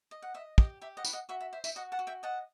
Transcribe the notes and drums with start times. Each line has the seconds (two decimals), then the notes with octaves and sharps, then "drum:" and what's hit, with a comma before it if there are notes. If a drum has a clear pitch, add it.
0.11 D#5
0.22 F#5
0.34 D#5 E5
0.58 G4 D#5, drum: kick
0.81 G4 E5
0.97 D#5 F#5
1.05 B4, drum: tambourine
1.13 D#5 F#5
1.29 F#4 E5
1.41 E5
1.53 C5 E5
1.64 E5, drum: tambourine
1.76 F#4 D#5 F#5
1.92 F#5 A5
1.99 F#4
2.07 E5 G5
2.23 D#5 F#5 A5